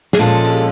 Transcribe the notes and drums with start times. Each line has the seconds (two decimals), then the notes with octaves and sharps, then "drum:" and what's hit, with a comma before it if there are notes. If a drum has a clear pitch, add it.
0.13 G#4, drum: snare
0.19 A#2 F3 G#3 C#4 A4
0.44 drum: cymbal